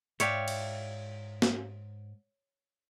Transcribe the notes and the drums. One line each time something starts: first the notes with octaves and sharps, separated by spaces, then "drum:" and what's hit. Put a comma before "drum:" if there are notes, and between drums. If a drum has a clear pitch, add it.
G#2 C#5 D5 E5 F5 G5, drum: hi-hat
drum: cymbal
drum: snare